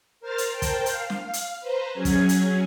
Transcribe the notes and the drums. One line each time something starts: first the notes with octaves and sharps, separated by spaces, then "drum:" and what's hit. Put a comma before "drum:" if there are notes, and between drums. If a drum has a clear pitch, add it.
A#4 C5 F6 A6
drum: hi-hat
A#4 C5 G5 A5
drum: kick, hi-hat
F5, drum: hi-hat
drum: snare
drum: hi-hat
B4 C5 A#5
F#3 C#4 G#4 G#6
drum: kick, hi-hat
drum: hi-hat